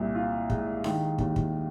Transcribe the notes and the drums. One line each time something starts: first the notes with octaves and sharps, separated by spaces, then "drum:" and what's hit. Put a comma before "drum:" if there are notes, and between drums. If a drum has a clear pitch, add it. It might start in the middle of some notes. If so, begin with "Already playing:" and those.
Already playing: C2 A#2
F4
G#3, drum: kick
D#3, drum: snare D4
D#2, drum: kick
drum: kick